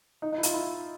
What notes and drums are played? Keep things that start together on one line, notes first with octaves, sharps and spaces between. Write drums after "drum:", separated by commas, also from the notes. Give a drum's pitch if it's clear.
D#4
D#4
E4
F4, drum: hi-hat
E4